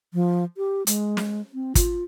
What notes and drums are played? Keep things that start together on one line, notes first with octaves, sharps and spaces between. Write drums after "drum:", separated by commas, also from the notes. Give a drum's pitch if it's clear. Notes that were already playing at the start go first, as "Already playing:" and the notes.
F3
G4
G#3, drum: hi-hat
drum: snare
C4
F4, drum: kick, hi-hat